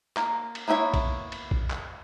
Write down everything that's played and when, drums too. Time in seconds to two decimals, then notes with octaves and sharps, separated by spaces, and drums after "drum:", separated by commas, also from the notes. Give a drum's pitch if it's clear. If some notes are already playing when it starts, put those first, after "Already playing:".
0.17 A#3, drum: clap
0.55 drum: cymbal
0.68 A#3 B3 E4 F#4 C#5
0.94 drum: kick, cymbal
1.32 drum: cymbal
1.51 drum: kick
1.70 drum: clap